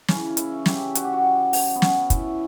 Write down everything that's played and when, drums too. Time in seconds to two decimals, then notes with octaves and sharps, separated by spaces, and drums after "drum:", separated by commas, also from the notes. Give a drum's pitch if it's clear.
0.08 C#3 E3 C#4, drum: snare
0.37 E4, drum: hi-hat
0.66 G4, drum: snare
0.95 F#4, drum: hi-hat
1.04 G4
1.13 F#4
1.53 drum: open hi-hat
1.75 B3
1.82 C#4, drum: snare
2.10 E4, drum: kick, hi-hat